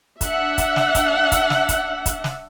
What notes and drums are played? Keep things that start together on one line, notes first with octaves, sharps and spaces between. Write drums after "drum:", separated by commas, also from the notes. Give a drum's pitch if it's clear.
D4 E5 F#5, drum: kick, hi-hat
drum: kick, hi-hat
drum: snare
drum: kick, hi-hat
drum: kick, hi-hat
drum: snare
drum: kick, hi-hat
drum: kick, hi-hat
drum: snare